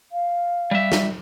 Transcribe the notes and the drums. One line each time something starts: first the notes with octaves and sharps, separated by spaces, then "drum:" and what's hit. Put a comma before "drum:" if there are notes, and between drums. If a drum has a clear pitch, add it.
F5
G3 E5
drum: snare